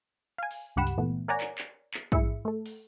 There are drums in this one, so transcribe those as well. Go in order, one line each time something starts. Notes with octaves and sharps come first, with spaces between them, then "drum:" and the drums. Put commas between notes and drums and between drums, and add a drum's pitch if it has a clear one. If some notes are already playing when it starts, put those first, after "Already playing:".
F5 G#5
drum: open hi-hat
C#2 G2 G4 F#5 B5 E7
drum: hi-hat
A#2 E3 A3 B3
A#4 C#5 D5 F#5 G#5 A#5
drum: clap
drum: clap
drum: clap
G#2 E4 G#4 E5 C#7, drum: kick
A3 A4
drum: open hi-hat